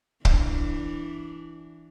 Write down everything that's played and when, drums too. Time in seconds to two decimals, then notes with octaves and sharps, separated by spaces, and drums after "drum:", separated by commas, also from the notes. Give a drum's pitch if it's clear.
0.25 E3 D4, drum: kick